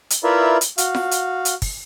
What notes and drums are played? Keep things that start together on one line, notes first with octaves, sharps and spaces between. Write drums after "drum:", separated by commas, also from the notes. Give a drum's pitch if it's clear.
drum: hi-hat
E4 F4 A#4 B4 D5 E5
drum: hi-hat
F#4 F5, drum: hi-hat
drum: snare F4
drum: hi-hat
drum: hi-hat
drum: kick, open hi-hat